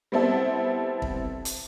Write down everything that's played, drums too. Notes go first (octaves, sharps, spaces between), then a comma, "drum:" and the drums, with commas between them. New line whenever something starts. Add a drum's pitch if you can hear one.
G3 B3 C4 E4 A4
drum: kick
drum: hi-hat